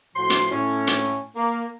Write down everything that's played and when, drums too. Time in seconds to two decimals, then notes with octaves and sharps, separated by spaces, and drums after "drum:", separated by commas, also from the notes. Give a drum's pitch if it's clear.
0.16 A2 F3 F#4 C6
0.30 drum: hi-hat
0.51 A2 C#4
0.87 drum: hi-hat
1.35 A#3